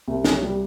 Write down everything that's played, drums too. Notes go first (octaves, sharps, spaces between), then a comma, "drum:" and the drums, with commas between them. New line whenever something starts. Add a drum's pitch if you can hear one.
C2
C2, drum: snare
G3